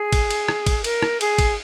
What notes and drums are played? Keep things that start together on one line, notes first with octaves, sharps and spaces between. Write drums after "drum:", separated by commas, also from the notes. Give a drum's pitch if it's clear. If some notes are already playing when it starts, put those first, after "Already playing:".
Already playing: G#4
drum: kick, cymbal
drum: cymbal
drum: rim click
drum: kick, cymbal
A#4, drum: cymbal
drum: rim click
G#4, drum: cymbal
drum: kick, cymbal